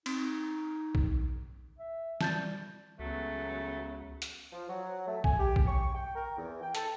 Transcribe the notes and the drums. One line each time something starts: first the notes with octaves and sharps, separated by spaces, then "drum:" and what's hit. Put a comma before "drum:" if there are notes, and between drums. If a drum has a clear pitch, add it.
C4 D#4, drum: cymbal
drum: kick A#1
E5
G3 A5 G6 A6, drum: snare
C#2 C#3 F#3 A3 B3
drum: hi-hat
F3
F#3
A3
G#5, drum: kick A#1
G4
drum: kick A#1
C#6
G5
A#4
E2
G5
A4, drum: hi-hat